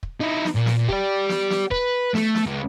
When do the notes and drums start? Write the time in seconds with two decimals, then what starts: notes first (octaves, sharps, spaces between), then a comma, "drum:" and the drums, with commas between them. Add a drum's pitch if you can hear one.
0.03 drum: kick
0.21 D#4 E4
0.45 drum: snare
0.56 A#2
0.66 drum: snare
0.89 G4 D5, drum: kick
1.29 drum: snare
1.50 drum: snare
1.71 B4, drum: kick
2.15 A3, drum: snare
2.35 drum: snare
2.46 C#2